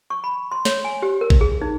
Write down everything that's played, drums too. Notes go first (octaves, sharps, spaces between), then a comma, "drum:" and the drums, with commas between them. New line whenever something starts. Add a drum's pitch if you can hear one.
C#6
B5
C6
C#5, drum: snare
G#5
G4
A#4
drum: kick A1
G#4
D#4